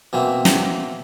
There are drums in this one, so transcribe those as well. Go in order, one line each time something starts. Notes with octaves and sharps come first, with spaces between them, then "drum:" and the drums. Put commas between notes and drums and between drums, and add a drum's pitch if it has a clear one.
B2 E3 A#3 C4
drum: snare